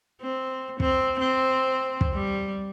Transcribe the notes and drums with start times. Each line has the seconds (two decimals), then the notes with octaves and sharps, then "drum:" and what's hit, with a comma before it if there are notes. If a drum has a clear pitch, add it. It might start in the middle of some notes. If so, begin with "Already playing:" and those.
0.22 C4
0.80 C4, drum: kick
1.20 C4
2.01 drum: kick
2.14 G3